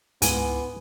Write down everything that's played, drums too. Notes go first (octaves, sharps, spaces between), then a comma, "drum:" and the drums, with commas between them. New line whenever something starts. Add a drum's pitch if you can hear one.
C#2 G#2 B3 E4 F5 G#5, drum: hi-hat